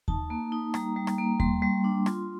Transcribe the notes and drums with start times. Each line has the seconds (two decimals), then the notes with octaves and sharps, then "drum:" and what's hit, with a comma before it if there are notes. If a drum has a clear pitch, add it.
0.08 D#4 A5, drum: kick D#2
0.30 A#3
0.52 D#4
0.74 G3 A#5, drum: rim click
0.96 G3
1.07 drum: rim click
1.18 A#3
1.40 G3 C6, drum: kick D#2
1.62 G3
1.84 D4
2.06 F4 C6, drum: rim click